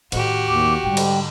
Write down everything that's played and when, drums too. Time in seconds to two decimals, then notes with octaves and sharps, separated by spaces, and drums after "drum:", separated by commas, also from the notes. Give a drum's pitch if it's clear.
0.12 A2 D#3 F#4 G4, drum: cymbal
0.47 D#2 D6
0.83 G#2 D3 G3 G5
0.97 drum: cymbal